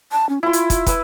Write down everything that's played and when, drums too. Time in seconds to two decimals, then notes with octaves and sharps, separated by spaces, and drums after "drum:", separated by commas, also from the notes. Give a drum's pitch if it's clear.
0.12 A5
0.29 C#4
0.43 E4 F4 C6
0.53 drum: hi-hat
0.70 drum: kick, hi-hat
0.87 B4 E6, drum: kick, hi-hat